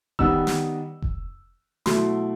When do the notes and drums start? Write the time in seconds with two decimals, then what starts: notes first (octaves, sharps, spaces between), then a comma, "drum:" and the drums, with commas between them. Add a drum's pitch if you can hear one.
0.19 D#3 G3 B3 D#4 E6, drum: kick F1
0.47 drum: snare
1.02 drum: kick F1
1.86 B2 F#3 A3 E4 C6, drum: snare